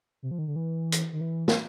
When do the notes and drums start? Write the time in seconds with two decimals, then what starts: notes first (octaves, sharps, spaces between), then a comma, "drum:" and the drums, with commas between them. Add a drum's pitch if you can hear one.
0.23 C3
0.31 F3
0.39 D#3
0.48 D3
0.56 E3
0.92 drum: hi-hat
1.13 D#3
1.21 E3
1.48 drum: snare